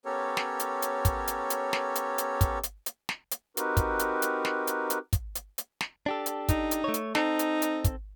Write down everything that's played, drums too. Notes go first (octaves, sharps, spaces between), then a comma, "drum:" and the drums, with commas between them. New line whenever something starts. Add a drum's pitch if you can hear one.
B3 C#4 G4 A4 A#4 C#5
drum: snare
drum: hi-hat
drum: hi-hat
drum: kick, hi-hat
drum: hi-hat
drum: hi-hat
drum: snare
drum: hi-hat
drum: hi-hat
drum: kick, hi-hat
drum: hi-hat
drum: hi-hat
drum: snare
drum: hi-hat
C4 D#4 F#4 G4 A#4 B4, drum: hi-hat
drum: kick, hi-hat
drum: hi-hat
drum: hi-hat
drum: snare
drum: hi-hat
drum: hi-hat
drum: kick, hi-hat
drum: hi-hat
drum: hi-hat
drum: snare
D4 G4 A4
drum: hi-hat
D#4, drum: kick, hi-hat
drum: hi-hat
A3 C#5
drum: hi-hat
C4 D#4 A4, drum: snare
drum: hi-hat
drum: hi-hat
drum: kick, hi-hat